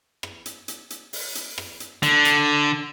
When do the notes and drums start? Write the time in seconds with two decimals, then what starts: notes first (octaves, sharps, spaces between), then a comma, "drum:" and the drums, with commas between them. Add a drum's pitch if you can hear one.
0.23 drum: rim click
0.46 drum: hi-hat
0.68 drum: hi-hat
0.90 drum: hi-hat
1.13 drum: open hi-hat
1.35 drum: hi-hat
1.58 drum: rim click
1.80 drum: hi-hat
2.03 D3, drum: hi-hat
2.25 drum: hi-hat